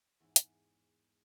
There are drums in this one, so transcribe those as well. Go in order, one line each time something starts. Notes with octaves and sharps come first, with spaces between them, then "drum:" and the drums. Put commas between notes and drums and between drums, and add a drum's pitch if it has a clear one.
E2 G#2
drum: hi-hat